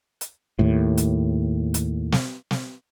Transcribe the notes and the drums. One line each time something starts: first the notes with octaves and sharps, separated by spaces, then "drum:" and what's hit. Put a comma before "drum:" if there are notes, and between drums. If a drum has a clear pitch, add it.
drum: hi-hat
D#2 A2
drum: hi-hat
drum: hi-hat
drum: snare
drum: snare